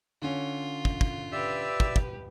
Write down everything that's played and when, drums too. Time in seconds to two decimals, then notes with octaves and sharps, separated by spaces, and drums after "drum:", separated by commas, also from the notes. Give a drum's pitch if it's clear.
0.22 D3 C#4 F4
0.85 drum: kick
1.01 drum: kick
1.33 G4 B4 D5 E5 E6
1.80 drum: kick
1.96 drum: kick